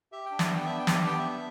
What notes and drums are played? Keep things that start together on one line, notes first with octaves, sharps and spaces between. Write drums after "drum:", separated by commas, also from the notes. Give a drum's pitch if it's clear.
G4 E5
G5
D4
E5, drum: snare
B3 G5
D4 E5
G5
G4, drum: snare
E5
B3 G5
E5
D4